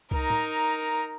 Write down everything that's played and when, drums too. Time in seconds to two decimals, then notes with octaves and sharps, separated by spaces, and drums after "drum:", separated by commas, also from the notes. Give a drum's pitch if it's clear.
0.11 D#4 A#4, drum: kick C2
0.30 drum: tom